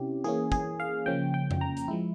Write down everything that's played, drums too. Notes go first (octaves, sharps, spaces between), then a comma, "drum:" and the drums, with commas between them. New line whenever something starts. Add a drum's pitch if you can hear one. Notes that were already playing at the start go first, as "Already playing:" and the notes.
Already playing: C3 C#4 E4 G4
E3 A#3 C#4 G#4
G#4, drum: kick
F5
C#3 F3 A#3 C#4 G5
G5
drum: tom F2
A#5
drum: hi-hat
F3 G#3 E4